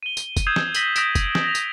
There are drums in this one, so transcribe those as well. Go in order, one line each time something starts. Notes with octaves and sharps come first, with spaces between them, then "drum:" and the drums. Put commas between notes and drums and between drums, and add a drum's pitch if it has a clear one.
D#7 G7
drum: tambourine
drum: kick, tambourine
D#6 E6 G6 G#6 C7 E7
drum: snare
A#6 B6 D#7 F#7 G7, drum: tambourine
D#6 G6 A#6 B6 D7 E7, drum: tambourine
drum: kick, tambourine
drum: snare
A#6 F7
drum: tambourine